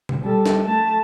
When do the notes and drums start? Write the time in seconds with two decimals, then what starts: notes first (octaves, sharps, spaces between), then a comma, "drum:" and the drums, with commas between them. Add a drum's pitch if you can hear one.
0.09 drum: tom B2
0.23 G3 A4
0.46 drum: snare
0.66 A3 A5